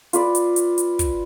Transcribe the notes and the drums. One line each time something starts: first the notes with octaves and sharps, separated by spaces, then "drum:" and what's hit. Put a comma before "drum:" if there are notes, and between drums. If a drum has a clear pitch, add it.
F4 B4 D5, drum: hi-hat
drum: hi-hat
drum: hi-hat
drum: hi-hat
drum: kick, hi-hat